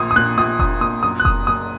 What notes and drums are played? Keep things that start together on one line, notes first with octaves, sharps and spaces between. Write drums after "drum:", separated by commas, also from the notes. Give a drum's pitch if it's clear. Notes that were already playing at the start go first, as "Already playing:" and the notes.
Already playing: A#1 A#2 D#6
D#6
A#2 F#6
A#1 D#6
A#1 D#6, drum: kick F1
A#2 D#6
F#2 D#6
F#6
F#2 D#6, drum: kick F1
F#1 D#6